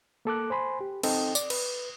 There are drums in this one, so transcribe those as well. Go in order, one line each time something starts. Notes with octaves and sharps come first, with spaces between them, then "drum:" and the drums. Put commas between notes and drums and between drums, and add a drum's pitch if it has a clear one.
A#3 A4 D6 F#6
C5 G#5 B5 C6
G4
C4 D#4 A4 D#5 G5, drum: cymbal
D5, drum: tambourine
B4, drum: cymbal